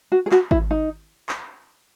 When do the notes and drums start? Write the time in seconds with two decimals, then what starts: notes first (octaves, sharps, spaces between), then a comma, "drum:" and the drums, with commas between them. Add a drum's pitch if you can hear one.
0.12 F#4
0.26 G#4
0.32 F#4, drum: clap
0.51 E4, drum: kick G#1
0.71 D#4
1.29 drum: clap